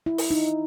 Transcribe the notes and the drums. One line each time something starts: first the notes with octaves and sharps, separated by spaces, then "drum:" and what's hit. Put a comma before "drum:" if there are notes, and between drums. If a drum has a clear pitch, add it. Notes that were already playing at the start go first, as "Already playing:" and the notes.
E4
drum: open hi-hat
D#4